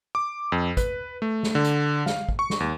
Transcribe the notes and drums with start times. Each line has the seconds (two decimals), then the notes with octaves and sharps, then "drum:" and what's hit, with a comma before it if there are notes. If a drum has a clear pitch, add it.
0.15 D6
0.52 F2
0.77 B4, drum: kick, hi-hat
1.22 A3
1.43 drum: snare
1.55 D3
1.64 drum: hi-hat
2.06 F5, drum: snare
2.29 drum: kick
2.39 C#6
2.50 drum: snare
2.60 D#2